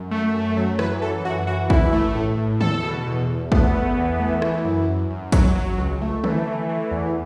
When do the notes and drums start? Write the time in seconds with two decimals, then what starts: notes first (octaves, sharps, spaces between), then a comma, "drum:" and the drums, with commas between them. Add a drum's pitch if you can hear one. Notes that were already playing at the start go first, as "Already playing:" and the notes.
Already playing: F#2
0.11 A3
0.34 F#2
0.57 F#3
0.79 E3 B4, drum: rim click
1.02 E3 A4
1.25 F#2 F#4
1.47 E3 F#4
1.70 E3 E4, drum: kick
1.93 A3
2.15 A2
2.37 A2
2.61 E2 A4, drum: tom D3
2.83 B2
3.06 E2
3.29 E2
3.52 A3 B3, drum: kick
3.74 E2
3.97 E3
4.20 A3
4.42 E3, drum: rim click
4.65 F#2
4.88 F#2
5.10 F#2
5.32 F#3, drum: kick, hi-hat
5.55 F#3
5.78 C#2
6.01 A3
6.24 E3 A3, drum: tom D3
6.46 A3
6.69 E3
6.91 E2